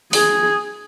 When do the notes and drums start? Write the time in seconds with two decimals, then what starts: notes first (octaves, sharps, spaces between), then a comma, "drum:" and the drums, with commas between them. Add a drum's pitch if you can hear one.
0.13 G#4, drum: open hi-hat